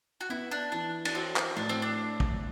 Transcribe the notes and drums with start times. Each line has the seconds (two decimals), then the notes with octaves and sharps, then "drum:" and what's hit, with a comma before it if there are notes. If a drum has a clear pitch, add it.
0.21 F#4
0.30 B3 E4
0.51 D4
0.72 E3 D4
1.05 D4, drum: cymbal
1.15 C4 F#4
1.36 drum: clap
1.56 A2 D4
1.69 C4
1.82 D4
2.20 drum: kick